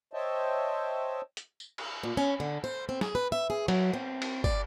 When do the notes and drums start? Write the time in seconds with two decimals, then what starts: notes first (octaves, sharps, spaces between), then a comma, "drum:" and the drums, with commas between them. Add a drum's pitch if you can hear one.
0.14 C5 C#5 D#5 E5 G5 A5
1.37 drum: hi-hat
1.60 drum: tambourine
1.78 drum: cymbal
2.03 A#2
2.17 C#4
2.40 D3
2.64 C5
2.89 C4
3.01 G#4, drum: snare
3.15 B4
3.32 E5
3.50 G#4
3.68 F#3, drum: cymbal
3.94 C4
4.22 drum: cymbal
4.44 D5, drum: kick